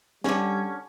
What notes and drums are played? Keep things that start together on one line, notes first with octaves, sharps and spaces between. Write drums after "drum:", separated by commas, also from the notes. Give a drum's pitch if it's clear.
D3 G3 C#4, drum: snare